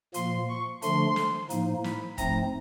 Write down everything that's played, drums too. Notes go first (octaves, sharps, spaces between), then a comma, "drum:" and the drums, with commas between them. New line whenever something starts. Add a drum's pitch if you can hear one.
A#2 F3 A#3 C6, drum: hi-hat
C#6
D3 F3 A3 D4 C6, drum: hi-hat
drum: snare
A2 F3 A#3 D#4, drum: hi-hat
B5, drum: snare
G#2 F3 A3 C4 D#4 A#5, drum: kick D#1, hi-hat